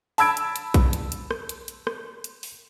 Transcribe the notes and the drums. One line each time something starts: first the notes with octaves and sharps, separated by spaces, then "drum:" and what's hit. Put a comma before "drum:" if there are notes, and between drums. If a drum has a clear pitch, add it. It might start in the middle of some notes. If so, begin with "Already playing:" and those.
A5 B5 E6 G#6 D7, drum: open hi-hat
drum: hi-hat
drum: hi-hat
drum: kick A#1, hi-hat
drum: hi-hat
drum: hi-hat
drum: rim click
drum: hi-hat
drum: hi-hat
drum: rim click
drum: hi-hat
drum: open hi-hat